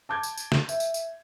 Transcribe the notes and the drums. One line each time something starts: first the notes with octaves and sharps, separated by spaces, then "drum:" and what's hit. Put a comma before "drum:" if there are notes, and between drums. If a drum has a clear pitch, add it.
A5 D6 G6 G#6
drum: tambourine
drum: tambourine
drum: snare
E5, drum: tambourine
drum: tambourine
drum: tambourine